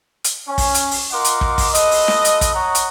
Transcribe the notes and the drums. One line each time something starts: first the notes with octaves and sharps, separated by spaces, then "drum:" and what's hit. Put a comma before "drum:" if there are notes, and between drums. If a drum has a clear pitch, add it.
drum: hi-hat
C#4
drum: kick, open hi-hat
drum: hi-hat
drum: open hi-hat
F4 A#4 D#5 F#5 C6 D6
drum: hi-hat
drum: kick
drum: kick, open hi-hat
F4 A4 B4 D#5, drum: hi-hat
drum: open hi-hat
drum: snare
drum: hi-hat
drum: kick, hi-hat
C#5 D#5 F#5 A#5 C#6 D#6
drum: hi-hat